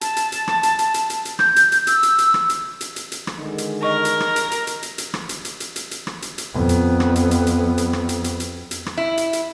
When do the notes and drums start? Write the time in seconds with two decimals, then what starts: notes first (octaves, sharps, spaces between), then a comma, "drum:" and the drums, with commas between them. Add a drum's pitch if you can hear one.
0.01 A5, drum: hi-hat
0.16 drum: hi-hat
0.32 drum: hi-hat
0.48 drum: rim click
0.63 drum: hi-hat
0.79 drum: hi-hat
0.94 drum: hi-hat
1.10 drum: hi-hat
1.25 drum: hi-hat
1.39 G6, drum: rim click
1.56 drum: hi-hat
1.72 drum: hi-hat
1.87 E6, drum: hi-hat
2.03 drum: hi-hat
2.18 drum: hi-hat
2.34 drum: rim click
2.49 drum: hi-hat
2.81 drum: hi-hat
2.96 drum: hi-hat
3.12 drum: hi-hat
3.27 drum: rim click
3.38 D3 D#3 G#3
3.58 drum: hi-hat
3.83 A#4 D#5 C#6
4.05 drum: hi-hat
4.20 drum: rim click
4.36 drum: hi-hat
4.51 drum: hi-hat
4.67 drum: hi-hat
4.83 drum: hi-hat
4.98 drum: hi-hat
5.14 drum: rim click
5.29 drum: hi-hat
5.45 drum: hi-hat
5.60 drum: hi-hat
5.76 drum: hi-hat
5.91 drum: hi-hat
6.07 drum: rim click
6.22 drum: hi-hat
6.38 drum: hi-hat
6.53 F2 B3
6.69 drum: hi-hat
7.00 drum: rim click
7.16 drum: hi-hat
7.31 drum: hi-hat
7.47 drum: hi-hat
7.78 drum: hi-hat
7.93 drum: rim click
8.09 drum: hi-hat
8.24 drum: hi-hat
8.40 drum: hi-hat
8.71 drum: hi-hat
8.86 drum: rim click
8.97 E4
9.17 drum: hi-hat
9.33 drum: hi-hat